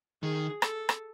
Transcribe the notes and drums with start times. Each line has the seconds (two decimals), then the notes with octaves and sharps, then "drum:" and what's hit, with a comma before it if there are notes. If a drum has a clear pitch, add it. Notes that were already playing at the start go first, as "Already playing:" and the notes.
0.23 D#3 G#4
0.62 A4, drum: rim click
0.89 drum: rim click